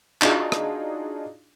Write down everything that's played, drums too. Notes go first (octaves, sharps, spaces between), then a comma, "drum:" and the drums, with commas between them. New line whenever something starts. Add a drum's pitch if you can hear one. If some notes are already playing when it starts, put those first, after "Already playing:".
D4 D#4 F4 F#4 G#4, drum: clap
drum: rim click